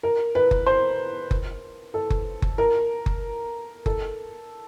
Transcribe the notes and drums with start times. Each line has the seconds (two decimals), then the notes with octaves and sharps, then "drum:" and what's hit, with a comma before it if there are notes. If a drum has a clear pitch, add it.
0.03 A#4
0.35 B4
0.51 drum: kick F#1
0.66 C5
1.31 drum: kick F#1
1.94 A4
2.10 drum: kick F#1
2.42 drum: kick F#1
2.58 A#4
3.06 drum: kick F#1
3.86 A4, drum: kick F#1